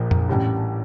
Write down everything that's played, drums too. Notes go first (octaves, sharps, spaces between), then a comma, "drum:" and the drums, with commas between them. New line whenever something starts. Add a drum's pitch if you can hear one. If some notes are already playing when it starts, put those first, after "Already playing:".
Already playing: A#1 A#2 F3
drum: tom F2
A1 A2 G3